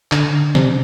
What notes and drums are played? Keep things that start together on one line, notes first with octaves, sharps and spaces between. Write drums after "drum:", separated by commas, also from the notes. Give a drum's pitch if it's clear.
D3, drum: clap
C3, drum: snare